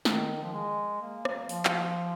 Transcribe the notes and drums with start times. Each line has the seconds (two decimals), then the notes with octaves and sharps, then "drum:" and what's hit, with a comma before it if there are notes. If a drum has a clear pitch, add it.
0.05 D#3, drum: snare
0.42 F3
0.53 G#3
1.02 A#3
1.25 drum: rim click
1.49 F3, drum: open hi-hat
1.65 drum: clap